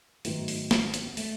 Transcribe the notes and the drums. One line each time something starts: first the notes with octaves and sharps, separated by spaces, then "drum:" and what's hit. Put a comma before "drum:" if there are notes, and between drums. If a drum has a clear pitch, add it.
G#2 D#3 F#3 A3 B3 F#4, drum: open hi-hat
drum: open hi-hat
drum: snare
drum: hi-hat
B3
A3, drum: open hi-hat